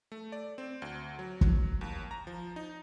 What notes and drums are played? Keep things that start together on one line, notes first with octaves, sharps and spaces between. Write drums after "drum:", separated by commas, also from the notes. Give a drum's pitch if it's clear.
A3
D5
C4
D2
F#3
drum: kick
D#2
A#5
F3
D#4